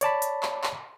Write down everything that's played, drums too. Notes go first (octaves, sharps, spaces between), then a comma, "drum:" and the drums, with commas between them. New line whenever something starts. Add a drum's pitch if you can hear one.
C#5 D5 A5 B5, drum: hi-hat
drum: hi-hat
drum: clap
drum: clap